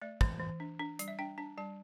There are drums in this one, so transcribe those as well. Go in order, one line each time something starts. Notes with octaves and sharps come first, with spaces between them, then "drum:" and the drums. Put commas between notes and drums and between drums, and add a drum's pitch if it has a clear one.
A3 D5
E3, drum: kick
E3
D4
D4
G3, drum: hi-hat
E5
D4 G5
D4 A5
G3 A5